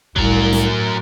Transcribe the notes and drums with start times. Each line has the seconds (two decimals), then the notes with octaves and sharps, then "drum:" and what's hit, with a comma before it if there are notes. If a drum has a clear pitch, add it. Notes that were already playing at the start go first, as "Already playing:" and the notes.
0.16 C2 A2 F#3 A#4, drum: kick G1
0.53 drum: snare